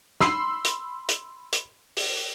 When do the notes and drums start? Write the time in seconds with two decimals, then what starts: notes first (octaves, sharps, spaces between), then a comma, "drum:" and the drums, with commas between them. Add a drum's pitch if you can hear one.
0.20 B5 C6 E6 C7, drum: snare
0.64 drum: hi-hat
1.08 drum: hi-hat
1.52 drum: hi-hat
1.96 drum: open hi-hat